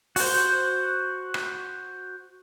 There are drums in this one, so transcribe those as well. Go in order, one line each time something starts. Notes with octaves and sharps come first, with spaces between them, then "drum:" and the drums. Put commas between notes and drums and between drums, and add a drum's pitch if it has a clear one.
F#4 C5, drum: open hi-hat
drum: rim click